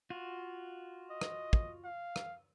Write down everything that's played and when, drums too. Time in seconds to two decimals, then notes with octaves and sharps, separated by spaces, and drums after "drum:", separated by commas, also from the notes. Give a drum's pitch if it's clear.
0.10 F4 F#4
1.11 D#5
1.21 drum: rim click
1.53 drum: kick
1.84 F5
2.16 drum: rim click